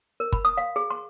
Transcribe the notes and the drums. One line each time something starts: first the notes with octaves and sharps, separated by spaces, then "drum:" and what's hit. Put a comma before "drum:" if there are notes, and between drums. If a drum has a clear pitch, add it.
A#4
B5, drum: kick
D#6
F5
G#4
C6